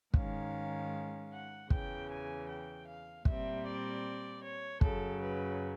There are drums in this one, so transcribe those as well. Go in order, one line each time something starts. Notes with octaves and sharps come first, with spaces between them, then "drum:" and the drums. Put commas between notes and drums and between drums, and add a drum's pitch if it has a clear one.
G#2 D#3 G#3 C#4 F5, drum: kick
F#5
E2 C#3 E3 G5, drum: kick
G#5
G5
F5
A#2 G3 C4 E5, drum: kick
D5
C#5
F#2 C#3 F#3 A4, drum: kick
B4